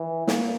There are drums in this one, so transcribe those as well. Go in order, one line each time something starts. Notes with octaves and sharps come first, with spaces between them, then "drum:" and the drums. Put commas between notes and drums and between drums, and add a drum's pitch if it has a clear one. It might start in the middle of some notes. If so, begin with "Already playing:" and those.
Already playing: E3
A#3, drum: snare